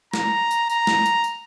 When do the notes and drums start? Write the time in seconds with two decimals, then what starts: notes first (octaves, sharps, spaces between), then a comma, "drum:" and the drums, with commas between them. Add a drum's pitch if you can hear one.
0.14 A#5, drum: snare
0.51 drum: tambourine
0.69 A#5, drum: tambourine
0.87 drum: snare
1.06 drum: tambourine
1.24 drum: tambourine